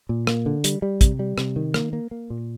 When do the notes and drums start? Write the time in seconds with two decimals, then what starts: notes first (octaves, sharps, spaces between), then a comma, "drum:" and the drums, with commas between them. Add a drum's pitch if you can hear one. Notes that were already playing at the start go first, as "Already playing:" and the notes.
0.09 A#2
0.27 A#3, drum: rim click
0.46 D3
0.64 G3, drum: hi-hat
0.82 G3
1.01 C3, drum: kick, hi-hat
1.19 G3
1.38 C3, drum: rim click
1.56 D#3
1.74 A#3, drum: rim click
1.93 A#3
2.11 A#3
2.30 A#2